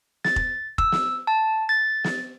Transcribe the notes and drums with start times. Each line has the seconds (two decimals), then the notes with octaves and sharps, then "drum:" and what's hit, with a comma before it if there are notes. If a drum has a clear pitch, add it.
0.25 A6, drum: snare
0.36 drum: kick F1
0.78 E6, drum: kick F1
0.92 drum: snare
1.27 A5
1.69 A6
2.04 drum: snare